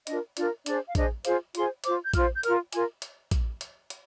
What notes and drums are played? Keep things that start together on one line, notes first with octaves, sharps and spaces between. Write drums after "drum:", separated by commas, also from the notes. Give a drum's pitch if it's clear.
D4 F4 A#4 D#5, drum: hi-hat
D4 F4 A#4 D5, drum: hi-hat
D4 G#4 C5 D5, drum: hi-hat
F5
D4 G#4 C5 D#5, drum: kick, hi-hat
F4 G#4 C5 F5, drum: hi-hat
F4 G#4 C5 C6, drum: hi-hat
F4 C5 D6, drum: hi-hat
G6
F4 C5 F6, drum: kick, hi-hat
G6
F4 A#4 F6, drum: hi-hat
F4 A#4 G#5, drum: hi-hat
drum: hi-hat
drum: kick, hi-hat
drum: hi-hat
drum: hi-hat